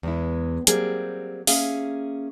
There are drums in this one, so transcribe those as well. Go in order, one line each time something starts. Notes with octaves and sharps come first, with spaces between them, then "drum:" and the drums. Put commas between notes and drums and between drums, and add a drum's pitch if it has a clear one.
E2 G#3 E4
F#3 G3 A#3 C4 G4 G#4, drum: hi-hat
A#3 C#4 G#4 E5 F5, drum: open hi-hat